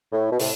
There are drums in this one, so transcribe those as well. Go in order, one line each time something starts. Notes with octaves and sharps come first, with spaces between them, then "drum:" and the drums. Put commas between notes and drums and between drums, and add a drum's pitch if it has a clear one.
A2
B2
A2 C3, drum: open hi-hat